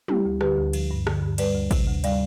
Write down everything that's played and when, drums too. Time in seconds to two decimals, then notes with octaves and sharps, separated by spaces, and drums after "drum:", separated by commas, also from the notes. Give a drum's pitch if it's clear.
0.08 G3 E4 G4, drum: tom
0.25 D2
0.41 D3 G4 B4, drum: rim click
0.58 D2
0.73 F3, drum: cymbal
0.91 G2
1.07 D3, drum: rim click
1.22 G2
1.38 G3 B4 D5, drum: cymbal
1.55 D2
1.71 C3, drum: kick, cymbal
1.87 D2
2.04 G3 D5 F5, drum: cymbal